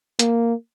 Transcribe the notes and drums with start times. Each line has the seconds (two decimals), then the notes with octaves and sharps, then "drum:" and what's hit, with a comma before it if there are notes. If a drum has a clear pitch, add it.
0.19 A#3, drum: hi-hat